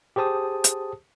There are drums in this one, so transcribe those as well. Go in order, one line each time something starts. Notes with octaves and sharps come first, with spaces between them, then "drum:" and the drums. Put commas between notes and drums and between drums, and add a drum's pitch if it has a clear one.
G4 G#4 C5 A5 D#6
drum: hi-hat